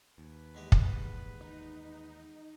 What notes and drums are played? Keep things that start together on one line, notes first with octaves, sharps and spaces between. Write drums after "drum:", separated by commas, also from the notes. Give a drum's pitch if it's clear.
D#2 B4
E2 G#3 G4
drum: kick
D#4